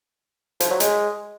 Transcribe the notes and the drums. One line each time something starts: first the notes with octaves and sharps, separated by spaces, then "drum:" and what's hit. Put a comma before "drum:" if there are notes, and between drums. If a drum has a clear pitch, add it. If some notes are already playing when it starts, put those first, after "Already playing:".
F3, drum: hi-hat
F#3
G#3, drum: hi-hat